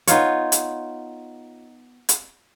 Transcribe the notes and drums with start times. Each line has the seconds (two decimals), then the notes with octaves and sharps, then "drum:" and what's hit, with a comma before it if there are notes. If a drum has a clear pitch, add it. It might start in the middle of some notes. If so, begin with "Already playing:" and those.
0.07 B3 D#4 F4 C#5, drum: hi-hat
0.52 drum: hi-hat
2.09 drum: hi-hat